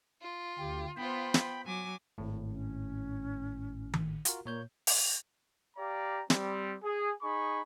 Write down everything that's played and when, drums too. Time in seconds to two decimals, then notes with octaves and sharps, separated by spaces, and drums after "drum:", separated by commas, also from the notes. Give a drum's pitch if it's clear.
0.20 F4
0.59 D2 G4
0.97 B3 F4 C5 G5 B5
1.34 drum: snare
1.64 F#3 G#5 D6
2.18 G#1 A2
2.50 C#4
3.94 drum: tom D#3
4.25 F4 F#4 A#4, drum: hi-hat
4.46 A#2 A#3 C#5 G6
4.87 drum: open hi-hat
5.77 G4 D5 F5 A#5
6.30 G3 C4, drum: snare
6.84 G#4
7.21 D#4 G#4 B5 C#6